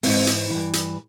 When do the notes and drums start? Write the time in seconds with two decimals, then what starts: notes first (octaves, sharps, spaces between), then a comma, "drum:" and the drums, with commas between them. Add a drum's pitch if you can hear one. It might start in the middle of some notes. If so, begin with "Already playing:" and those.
0.03 G#2 E3 C4, drum: open hi-hat
0.27 drum: hi-hat
0.50 G2 E3
0.73 drum: hi-hat